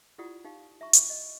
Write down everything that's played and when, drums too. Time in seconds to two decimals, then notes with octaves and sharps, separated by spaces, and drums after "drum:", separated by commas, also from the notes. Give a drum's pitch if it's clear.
0.18 E4 F4 G4 D5 F#5 D#6
0.45 D#4 G4 F5
0.81 E5 A#5 C#6
0.93 drum: hi-hat
1.10 D#5